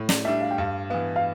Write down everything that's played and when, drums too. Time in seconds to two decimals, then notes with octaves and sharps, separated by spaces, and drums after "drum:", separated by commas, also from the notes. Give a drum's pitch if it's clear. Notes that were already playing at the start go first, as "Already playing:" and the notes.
Already playing: A2
0.09 D5, drum: snare
0.25 G3 D4 E5
0.41 F5
0.51 G5
0.58 G2 F5
0.90 E3 B3 F5
1.16 F5